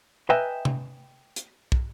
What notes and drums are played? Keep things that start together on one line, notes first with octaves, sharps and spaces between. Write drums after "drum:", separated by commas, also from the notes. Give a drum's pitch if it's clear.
B4 D#5 E5 G5 G#5 A#5
drum: tom C3
drum: hi-hat
drum: kick